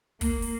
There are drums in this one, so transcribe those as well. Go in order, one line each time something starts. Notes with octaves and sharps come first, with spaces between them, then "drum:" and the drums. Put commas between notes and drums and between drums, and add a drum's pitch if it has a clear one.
A#3, drum: kick, open hi-hat
drum: open hi-hat